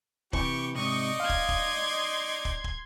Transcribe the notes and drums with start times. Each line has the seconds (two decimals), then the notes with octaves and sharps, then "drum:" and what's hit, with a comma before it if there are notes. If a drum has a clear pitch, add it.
0.33 C3 E3 G4 C#6, drum: kick
0.76 G#2 C3 D#4 D5 D#5 C#6
1.20 F5 C6 G#6
1.29 drum: kick
1.49 drum: kick
2.45 drum: kick
2.64 drum: kick